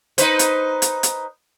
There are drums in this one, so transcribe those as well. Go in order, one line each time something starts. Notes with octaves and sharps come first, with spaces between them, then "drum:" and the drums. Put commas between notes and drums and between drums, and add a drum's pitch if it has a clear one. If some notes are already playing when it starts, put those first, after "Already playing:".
D#4 B4 C5, drum: hi-hat
drum: hi-hat
drum: hi-hat
drum: hi-hat